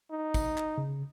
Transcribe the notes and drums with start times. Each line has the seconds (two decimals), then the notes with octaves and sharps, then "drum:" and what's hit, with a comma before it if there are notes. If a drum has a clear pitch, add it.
0.11 D#4
0.34 drum: kick, tambourine
0.58 drum: clap
0.78 C#3